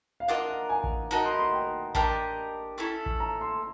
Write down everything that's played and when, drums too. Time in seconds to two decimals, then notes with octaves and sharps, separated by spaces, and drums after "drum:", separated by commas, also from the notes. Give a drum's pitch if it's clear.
0.20 F5
0.28 D4 F4 A#4 D#5 F#5
0.49 F#5
0.69 G#5
0.84 drum: kick A1
1.11 D#4 F#4 A#4 D#5 A5
1.25 C6
1.32 B5
1.39 C6
1.53 G5
1.95 D4 G4 A#4 D#5 A5, drum: kick A1
2.78 A3 C#4 E4 A4
3.06 drum: kick A1
3.20 A#5
3.41 C6